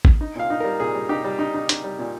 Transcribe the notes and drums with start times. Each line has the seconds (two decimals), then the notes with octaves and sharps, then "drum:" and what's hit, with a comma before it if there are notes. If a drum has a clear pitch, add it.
0.05 drum: kick G#1
0.21 D#4
0.36 A#2 F5
0.50 D#4
0.60 G3 A#4
0.80 A#2 G#4
0.94 G3
1.09 D#4 G4
1.24 G3
1.39 D#4
1.54 D#4
1.69 D#4, drum: hi-hat
1.84 G3
1.99 A#2